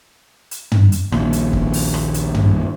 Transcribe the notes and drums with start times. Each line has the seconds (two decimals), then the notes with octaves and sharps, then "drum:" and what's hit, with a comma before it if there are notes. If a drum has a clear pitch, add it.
0.51 drum: hi-hat
0.72 drum: tom
0.92 drum: hi-hat
1.12 A#1 D#2, drum: rim click
1.33 drum: hi-hat
1.53 drum: kick
1.73 drum: open hi-hat
1.94 drum: rim click
2.14 drum: hi-hat
2.35 drum: tom